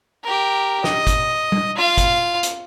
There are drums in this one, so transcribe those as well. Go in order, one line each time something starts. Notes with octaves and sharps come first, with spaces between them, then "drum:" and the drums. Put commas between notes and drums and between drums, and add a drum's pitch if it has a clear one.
G4 A#4
D#5, drum: snare
drum: kick G1, hi-hat
drum: tom
F4 F5
drum: kick G1, hi-hat
drum: hi-hat